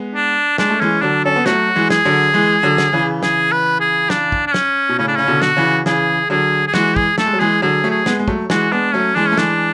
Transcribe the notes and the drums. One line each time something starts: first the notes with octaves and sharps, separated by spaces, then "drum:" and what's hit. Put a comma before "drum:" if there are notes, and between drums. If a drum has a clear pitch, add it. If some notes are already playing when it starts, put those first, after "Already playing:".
Already playing: G#3 B3
D4
G#3 D4, drum: snare
A3
E3 G#3 C#4
D3 F#3 D4
C#4 A4
B3
F#3 A3 F#4, drum: snare
E3 G#3
G#4, drum: snare
D3 F#3
E3 G#3
D3 F#3
drum: snare
C#3 E3
G#4, drum: snare
B4
G#4
D4, drum: snare
drum: kick
D4
C#4, drum: snare
B2
A2 C#3 C#4
D4
C#3 C#4
B2 D3
F#4, drum: snare
C#3 E3
C#3 E3 G#4, drum: snare
D3 F#3 G#4
G#4
E3 G#3 F#4, drum: snare
G#4, drum: kick
A3 A4, drum: snare
G#3
F#3
E3 G#3 G#4
D3 F#3 G#4
F#3 A3
G#4
G#3 B3, drum: snare
G#3
F#3 A3, drum: kick
E3 G#3 F#4, drum: snare
G#3 B3 D4
F#3 A3 C#4
E3 G#3 D4
A3 C#4
E3 G#3 D4, drum: snare